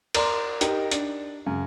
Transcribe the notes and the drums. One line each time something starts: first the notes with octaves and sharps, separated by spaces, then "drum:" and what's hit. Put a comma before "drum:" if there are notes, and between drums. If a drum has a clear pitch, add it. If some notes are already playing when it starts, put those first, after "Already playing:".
A#4 D5 A#5 C6, drum: cymbal
D#4 G4 A#4, drum: hi-hat
D4, drum: hi-hat
F#2 C#3